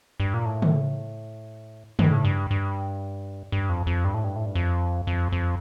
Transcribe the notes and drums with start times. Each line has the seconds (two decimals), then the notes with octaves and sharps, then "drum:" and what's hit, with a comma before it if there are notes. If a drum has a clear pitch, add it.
0.20 G2
0.34 A#2
0.45 A2
0.62 drum: tom C#3
1.99 G2, drum: tom C#3
2.12 A2
2.25 G2
2.51 G2
3.52 G2
3.69 F2
3.87 F2
4.04 G2
4.14 A2
4.24 G2
4.36 A2
4.46 G2
4.55 F2
5.07 F2
5.32 F2